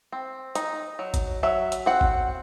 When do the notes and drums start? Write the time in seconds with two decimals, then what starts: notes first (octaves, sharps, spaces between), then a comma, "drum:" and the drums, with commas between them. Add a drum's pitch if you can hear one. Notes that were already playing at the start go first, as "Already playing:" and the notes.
0.12 C4
0.55 D#4, drum: hi-hat
0.99 F#3
1.14 drum: kick G#1, hi-hat
1.43 F#3 E5
1.72 drum: hi-hat
1.86 C4 F#5
2.01 drum: kick G#1